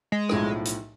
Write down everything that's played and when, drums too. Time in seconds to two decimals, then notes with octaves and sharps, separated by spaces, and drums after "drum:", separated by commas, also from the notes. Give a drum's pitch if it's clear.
0.12 G#3
0.29 B1 A2 F3, drum: rim click
0.65 drum: hi-hat